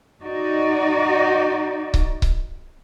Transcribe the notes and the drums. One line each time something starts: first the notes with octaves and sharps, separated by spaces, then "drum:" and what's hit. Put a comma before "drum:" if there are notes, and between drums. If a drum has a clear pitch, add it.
D#4 F#4 D5
drum: kick C#1
drum: kick C#1